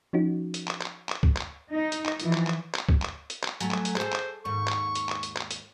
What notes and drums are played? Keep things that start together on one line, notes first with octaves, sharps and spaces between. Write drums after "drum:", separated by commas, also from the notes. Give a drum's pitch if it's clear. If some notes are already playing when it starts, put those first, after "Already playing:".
F3 C#4 D#4 F#4
drum: hi-hat
drum: clap
drum: clap
drum: clap
drum: kick
drum: clap
D#4
drum: hi-hat
drum: clap
E3 F3, drum: hi-hat
drum: clap
drum: clap
drum: clap
drum: kick
drum: clap
drum: hi-hat
drum: clap
F#3 A3 G#5, drum: hi-hat
drum: clap
drum: hi-hat
G#4 A4 C5, drum: clap
drum: clap
D#2 G#2 C#6
drum: clap
drum: hi-hat
drum: clap
drum: hi-hat
drum: clap
drum: hi-hat